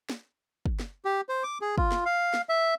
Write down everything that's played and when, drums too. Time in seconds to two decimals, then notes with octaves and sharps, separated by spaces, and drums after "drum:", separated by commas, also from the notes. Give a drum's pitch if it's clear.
0.09 drum: snare
0.66 drum: kick
0.80 drum: snare
1.05 G4
1.29 C5
1.43 D6
1.61 G#4
1.78 F4, drum: kick
1.92 drum: snare
2.05 F5
2.34 drum: snare
2.49 E5